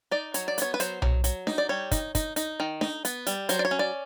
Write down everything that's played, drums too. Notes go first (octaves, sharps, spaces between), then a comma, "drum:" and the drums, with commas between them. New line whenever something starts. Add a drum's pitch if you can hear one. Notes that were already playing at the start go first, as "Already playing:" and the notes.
D#4 D5
F#3 C#5, drum: hi-hat
D5
B3 C#5, drum: hi-hat
B4
F#3 C5, drum: hi-hat
F#3, drum: tom B1
F#3, drum: hi-hat
D#4, drum: snare D4
D5
G3 C#5
D#4, drum: kick, hi-hat
D#4, drum: kick, hi-hat
D#4, drum: hi-hat
D#3
D#4, drum: snare D4
B3, drum: hi-hat
G3, drum: hi-hat
F#3 C5, drum: hi-hat
D5
C#5
C#4
D5